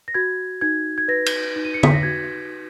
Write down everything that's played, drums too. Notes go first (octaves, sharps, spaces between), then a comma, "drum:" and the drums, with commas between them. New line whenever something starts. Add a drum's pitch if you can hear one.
A#6
F#4 G#6
D#4 G#6
G#6
B4 A#6
drum: cymbal
D#4
D#7
C#7
B6, drum: tom
A#6
F#4 G#6